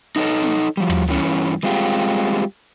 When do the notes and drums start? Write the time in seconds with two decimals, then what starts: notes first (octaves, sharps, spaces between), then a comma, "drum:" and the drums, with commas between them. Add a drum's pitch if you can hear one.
0.16 D#4 E4 A4 A#4 C#5 D#5
0.43 drum: snare
0.77 F3 G3
0.90 drum: tom
1.08 G2 E3 C#4
1.63 G3 G#3 C4 F4 G4